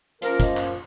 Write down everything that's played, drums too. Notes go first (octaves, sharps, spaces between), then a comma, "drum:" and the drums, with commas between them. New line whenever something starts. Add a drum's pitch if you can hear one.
F3 A#3 C#4 F4 A#4, drum: hi-hat
D#5, drum: kick, hi-hat
drum: clap